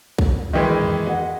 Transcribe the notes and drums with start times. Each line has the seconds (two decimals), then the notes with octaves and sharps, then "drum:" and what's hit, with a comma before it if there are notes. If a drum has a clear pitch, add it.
0.18 drum: kick
0.53 D#3 E3 G#3 D#5 E5 G5
0.81 drum: tom
1.07 D#5 F#5